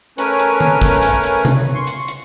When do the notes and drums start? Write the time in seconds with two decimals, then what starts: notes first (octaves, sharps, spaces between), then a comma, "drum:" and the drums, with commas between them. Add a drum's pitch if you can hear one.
0.18 A3 C#4 A#4 B4 C#5 G#5, drum: hi-hat
0.39 drum: hi-hat
0.60 drum: tom D#3
0.82 drum: kick, hi-hat
1.03 drum: hi-hat
1.24 drum: hi-hat
1.45 drum: tom C3
1.75 C6 C#6
1.87 drum: hi-hat
2.08 drum: hi-hat